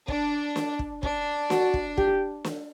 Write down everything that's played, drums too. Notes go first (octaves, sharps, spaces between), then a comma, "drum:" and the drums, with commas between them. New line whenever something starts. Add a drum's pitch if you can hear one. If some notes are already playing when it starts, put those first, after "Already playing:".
D4, drum: kick
drum: snare
drum: kick
D4, drum: kick
F#4, drum: snare
drum: kick
G4, drum: kick
drum: snare